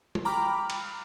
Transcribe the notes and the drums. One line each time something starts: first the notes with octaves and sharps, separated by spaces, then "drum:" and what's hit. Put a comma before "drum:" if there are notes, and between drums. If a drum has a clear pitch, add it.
drum: tom
G5 A#5 B5 D6 F6
drum: cymbal